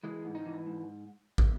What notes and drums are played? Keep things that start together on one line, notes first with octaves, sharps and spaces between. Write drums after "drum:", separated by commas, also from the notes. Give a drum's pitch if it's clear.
E3 G#3
G#2
D#4
E3
G#2
drum: kick